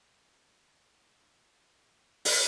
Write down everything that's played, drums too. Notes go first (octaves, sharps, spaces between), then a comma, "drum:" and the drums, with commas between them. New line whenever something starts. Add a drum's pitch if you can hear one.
A#1 G#2 C#3 C4 F5
drum: open hi-hat